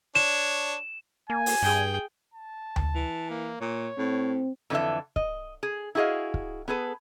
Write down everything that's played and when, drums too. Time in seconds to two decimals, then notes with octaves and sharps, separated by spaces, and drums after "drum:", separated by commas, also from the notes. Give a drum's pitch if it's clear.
0.15 D4 C#5 E7
1.30 A#3 G#5
1.46 drum: open hi-hat
1.63 G2 G#4 G5
2.34 A5
2.76 drum: tom D2
2.95 E3
3.30 A#3
3.61 A#2 C#5
3.98 A2 C4
4.70 F2 D3 E3 F#4 A4 E5
5.16 D#5, drum: kick
5.63 G#4
5.95 E4 F#4 G#4 D#5 F5
6.34 drum: kick
6.68 B3 G#4 A4 B4